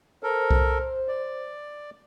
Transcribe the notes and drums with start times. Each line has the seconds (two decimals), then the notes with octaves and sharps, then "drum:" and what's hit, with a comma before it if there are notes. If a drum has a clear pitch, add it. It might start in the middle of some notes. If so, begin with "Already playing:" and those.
0.23 A4 A#4 C5
0.51 drum: kick C2
1.08 D5